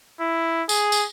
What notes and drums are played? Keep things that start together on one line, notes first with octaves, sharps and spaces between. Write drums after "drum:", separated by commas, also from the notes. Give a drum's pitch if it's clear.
E4
G#4, drum: tambourine
drum: tambourine